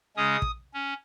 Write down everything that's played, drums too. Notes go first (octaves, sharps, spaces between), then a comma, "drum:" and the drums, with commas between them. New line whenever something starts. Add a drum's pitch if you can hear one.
C#3 G#3 C#4 D#6
drum: kick
C#4